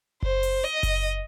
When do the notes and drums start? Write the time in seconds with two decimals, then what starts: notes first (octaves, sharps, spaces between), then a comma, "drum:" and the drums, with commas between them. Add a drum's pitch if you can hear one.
0.23 C5, drum: kick F#1
0.43 drum: open hi-hat
0.64 D#5
0.83 drum: kick F#1, open hi-hat